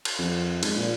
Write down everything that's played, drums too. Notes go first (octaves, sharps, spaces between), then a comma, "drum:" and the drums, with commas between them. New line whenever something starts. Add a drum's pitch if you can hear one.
drum: cymbal
F2
G#2, drum: cymbal
A#2